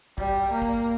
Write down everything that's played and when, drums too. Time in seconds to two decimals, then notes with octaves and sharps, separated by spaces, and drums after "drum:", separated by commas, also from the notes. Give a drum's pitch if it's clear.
0.18 G3, drum: kick
0.51 A#3
0.62 drum: kick